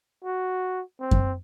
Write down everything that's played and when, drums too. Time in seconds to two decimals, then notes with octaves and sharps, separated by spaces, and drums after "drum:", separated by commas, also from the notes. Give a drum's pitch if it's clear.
0.24 F#4
1.00 C4
1.11 drum: kick F#2